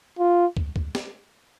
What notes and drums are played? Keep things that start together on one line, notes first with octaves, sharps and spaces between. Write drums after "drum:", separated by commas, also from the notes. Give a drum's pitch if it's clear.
F4
drum: kick
drum: kick
drum: snare